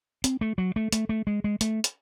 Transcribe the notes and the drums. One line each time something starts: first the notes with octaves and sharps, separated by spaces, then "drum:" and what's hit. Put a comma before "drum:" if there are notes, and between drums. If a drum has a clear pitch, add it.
C4, drum: hi-hat
A3
F#3
A3
A3, drum: hi-hat
A3
G#3
G#3
A3, drum: hi-hat
drum: hi-hat